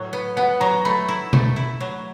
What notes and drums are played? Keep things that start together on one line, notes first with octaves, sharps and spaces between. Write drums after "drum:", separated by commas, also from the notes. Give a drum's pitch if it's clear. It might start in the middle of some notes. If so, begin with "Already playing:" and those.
Already playing: A2 F#3
B3
B3 F#5
F#3 A#5
A3 B5
E4
A3, drum: tom
E4
F#3